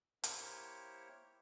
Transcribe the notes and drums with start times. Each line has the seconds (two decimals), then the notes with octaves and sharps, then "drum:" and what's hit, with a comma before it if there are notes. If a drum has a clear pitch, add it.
0.24 A#3 E4 G4 A#4 C5 C#5, drum: hi-hat